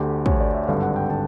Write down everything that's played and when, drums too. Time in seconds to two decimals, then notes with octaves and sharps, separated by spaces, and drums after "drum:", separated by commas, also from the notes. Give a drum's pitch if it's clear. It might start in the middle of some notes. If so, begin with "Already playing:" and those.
Already playing: D2 D3 G4
0.26 D2 D3 C#5, drum: kick
0.41 D5
0.54 E5
0.68 G#1 G2 D3 F5
0.83 F#5
0.96 G5
1.10 D3 A5